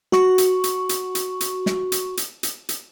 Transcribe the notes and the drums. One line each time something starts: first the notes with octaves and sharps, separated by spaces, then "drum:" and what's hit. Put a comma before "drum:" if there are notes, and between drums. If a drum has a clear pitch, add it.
F#4 C#6, drum: snare
drum: hi-hat
drum: hi-hat
drum: hi-hat
drum: hi-hat
drum: hi-hat
drum: snare
drum: hi-hat
drum: hi-hat
drum: hi-hat
drum: hi-hat